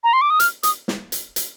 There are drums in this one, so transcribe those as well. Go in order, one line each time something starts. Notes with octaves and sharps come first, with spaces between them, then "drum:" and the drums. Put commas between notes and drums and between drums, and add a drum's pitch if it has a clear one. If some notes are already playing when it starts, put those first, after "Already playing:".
A#5
C6
D6
D#6
F6, drum: hi-hat
D#6, drum: hi-hat
drum: snare
drum: hi-hat
drum: hi-hat